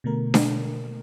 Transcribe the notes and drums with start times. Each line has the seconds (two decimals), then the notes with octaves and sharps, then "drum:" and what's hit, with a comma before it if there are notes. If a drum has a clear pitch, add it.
0.04 B2 D3 A3 A#4
0.34 drum: snare D4